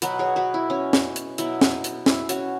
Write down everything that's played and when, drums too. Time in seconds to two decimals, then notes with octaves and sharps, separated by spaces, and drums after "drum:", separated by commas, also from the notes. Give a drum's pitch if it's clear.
0.02 B2 F#3 B3 F#4 B4, drum: hi-hat
0.19 G#4 C#5
0.36 F#4 B4
0.54 E4
0.70 C#4
0.93 drum: snare
1.16 drum: hi-hat
1.38 B2 F#3 B3 E4, drum: hi-hat
1.61 drum: snare
1.84 drum: hi-hat
2.06 E4, drum: snare
2.29 C#4 F#4, drum: hi-hat